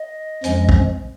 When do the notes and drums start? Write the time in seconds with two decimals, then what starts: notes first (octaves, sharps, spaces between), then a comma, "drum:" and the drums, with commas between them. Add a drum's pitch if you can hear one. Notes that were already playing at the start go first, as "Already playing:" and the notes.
Already playing: D#5
0.44 F2 F3 G#3 C#4, drum: hi-hat
0.69 drum: kick